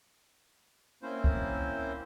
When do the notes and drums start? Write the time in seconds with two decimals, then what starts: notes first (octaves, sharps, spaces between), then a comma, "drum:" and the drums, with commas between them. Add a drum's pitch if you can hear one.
1.03 A#3 C4 C#4 E4 C5
1.24 drum: kick C2